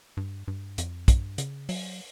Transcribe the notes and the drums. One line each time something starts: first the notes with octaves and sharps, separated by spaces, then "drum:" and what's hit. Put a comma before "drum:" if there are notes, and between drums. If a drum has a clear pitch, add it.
G2
G2
F2, drum: hi-hat
G2, drum: kick, hi-hat
C#3, drum: hi-hat
F#3, drum: open hi-hat